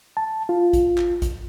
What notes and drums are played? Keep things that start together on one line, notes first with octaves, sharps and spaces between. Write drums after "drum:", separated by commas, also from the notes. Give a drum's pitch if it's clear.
A5
F4
drum: kick G#1, hi-hat
drum: clap
drum: kick G#1, hi-hat